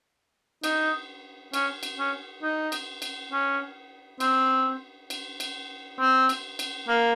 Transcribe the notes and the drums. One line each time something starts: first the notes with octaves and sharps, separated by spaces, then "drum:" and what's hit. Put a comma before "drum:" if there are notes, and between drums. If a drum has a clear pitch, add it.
D#4, drum: cymbal
C#4, drum: cymbal
drum: cymbal
C#4
D#4
drum: cymbal
drum: cymbal
C#4
C4, drum: cymbal
drum: cymbal
drum: cymbal
C4
drum: cymbal
drum: cymbal
A#3